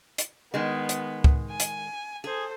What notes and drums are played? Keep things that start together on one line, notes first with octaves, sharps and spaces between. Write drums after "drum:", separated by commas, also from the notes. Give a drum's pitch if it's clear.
drum: hi-hat
D#3 G#3 B3
drum: hi-hat
drum: kick C#2
G#5
drum: hi-hat
G#4 A4 C5